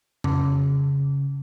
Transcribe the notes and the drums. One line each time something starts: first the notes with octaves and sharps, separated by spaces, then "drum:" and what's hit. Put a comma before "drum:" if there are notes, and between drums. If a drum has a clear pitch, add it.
C#3, drum: tom F2